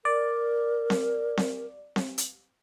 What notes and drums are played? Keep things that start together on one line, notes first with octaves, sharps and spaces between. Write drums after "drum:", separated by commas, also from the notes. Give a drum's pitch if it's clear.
A#4 D5
drum: snare C4
drum: snare C4
drum: snare C4
drum: hi-hat